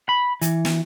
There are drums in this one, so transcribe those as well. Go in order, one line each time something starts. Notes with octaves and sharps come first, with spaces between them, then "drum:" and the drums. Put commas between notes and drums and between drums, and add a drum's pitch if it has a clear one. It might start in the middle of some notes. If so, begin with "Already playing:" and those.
B5
E3, drum: hi-hat
drum: snare